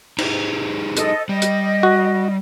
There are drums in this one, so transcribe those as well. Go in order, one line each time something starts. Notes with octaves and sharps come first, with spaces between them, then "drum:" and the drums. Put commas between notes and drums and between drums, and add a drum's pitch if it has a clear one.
D#4 G4 G#4, drum: cymbal
A4 D#5, drum: hi-hat
G3 D#5
drum: hi-hat
F#4